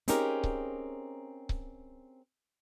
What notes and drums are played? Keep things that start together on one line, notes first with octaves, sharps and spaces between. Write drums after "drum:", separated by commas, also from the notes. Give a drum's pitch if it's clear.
C4 C#4 D#4 G4 G#4 A#4, drum: hi-hat
drum: kick C#1
drum: kick C#1